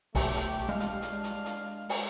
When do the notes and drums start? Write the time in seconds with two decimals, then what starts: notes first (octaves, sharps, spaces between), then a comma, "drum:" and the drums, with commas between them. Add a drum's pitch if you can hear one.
0.15 B1 A3 G4, drum: kick, open hi-hat
0.37 drum: hi-hat
0.69 G#3 D4 F5
0.80 drum: hi-hat
1.02 drum: hi-hat
1.24 drum: hi-hat
1.46 drum: hi-hat
1.89 drum: open hi-hat